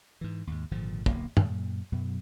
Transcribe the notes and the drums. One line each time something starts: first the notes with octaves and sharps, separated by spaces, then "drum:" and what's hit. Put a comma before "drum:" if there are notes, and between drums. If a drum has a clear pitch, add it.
G#2 E3
D#2 G#2
G#1 A#2 D3 F3
D1 B1 A#3, drum: kick
F#2 A#2, drum: tom G2
F#2 B2 F#3